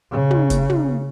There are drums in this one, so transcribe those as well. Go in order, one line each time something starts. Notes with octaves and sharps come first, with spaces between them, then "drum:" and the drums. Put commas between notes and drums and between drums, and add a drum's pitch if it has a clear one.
C#3
drum: tom
drum: kick F#1, hi-hat
drum: tom